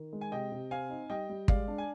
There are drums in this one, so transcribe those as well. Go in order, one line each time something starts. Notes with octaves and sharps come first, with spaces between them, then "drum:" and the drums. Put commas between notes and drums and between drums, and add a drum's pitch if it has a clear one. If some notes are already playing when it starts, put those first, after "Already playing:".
Already playing: D#3
G#3
G#5
C3 D#5 G5
C3
C4 F5 G#5
D#4
G3 D#5 G5
G3
G#3 D5 F5, drum: kick
D4
G#5